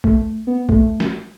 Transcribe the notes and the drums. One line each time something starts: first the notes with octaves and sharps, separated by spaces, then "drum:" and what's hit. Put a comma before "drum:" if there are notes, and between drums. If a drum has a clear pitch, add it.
A3, drum: kick A#1
B3
A3, drum: kick A#1
drum: snare